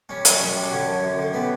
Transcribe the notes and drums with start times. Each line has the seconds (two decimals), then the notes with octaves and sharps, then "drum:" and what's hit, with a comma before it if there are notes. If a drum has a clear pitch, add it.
0.09 G3 C#4
0.25 F#2, drum: hi-hat
0.40 F#2 C#4
0.56 G3
0.62 D4
0.71 D3 C#4
0.86 F#2
1.02 F#2
1.18 D3
1.33 G3 B3